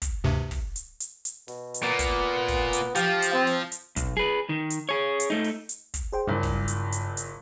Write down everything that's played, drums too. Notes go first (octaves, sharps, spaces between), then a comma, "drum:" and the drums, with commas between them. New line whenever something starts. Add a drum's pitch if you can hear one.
drum: kick, hi-hat
D2 G2 C3
drum: kick, open hi-hat
drum: hi-hat
drum: hi-hat
drum: hi-hat
B2, drum: open hi-hat
drum: hi-hat
A#2 B3
drum: kick, hi-hat
drum: kick, open hi-hat
drum: hi-hat
F3 G4 F5, drum: hi-hat
drum: hi-hat
C4
drum: open hi-hat
drum: hi-hat
B1, drum: kick, hi-hat
G#4 B4
D#3
drum: hi-hat
G#4 C#5
drum: hi-hat
A3 D#4
drum: open hi-hat
drum: hi-hat
drum: kick, hi-hat
G#4 C5 G5
F#1 G2 A#2
drum: kick, open hi-hat
drum: hi-hat
drum: hi-hat
drum: hi-hat